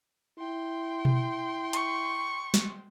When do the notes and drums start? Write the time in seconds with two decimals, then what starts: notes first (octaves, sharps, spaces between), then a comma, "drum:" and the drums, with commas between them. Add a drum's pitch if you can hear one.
0.39 E4 G5 C6
1.05 drum: tom B2
1.73 C#6, drum: hi-hat
2.54 drum: snare